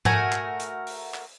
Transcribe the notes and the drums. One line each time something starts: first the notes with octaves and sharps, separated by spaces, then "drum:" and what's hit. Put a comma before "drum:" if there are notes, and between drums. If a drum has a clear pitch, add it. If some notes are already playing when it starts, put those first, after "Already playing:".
A3 F#4 A#4 G#5, drum: tom G#2
drum: clap
drum: hi-hat
drum: open hi-hat
drum: clap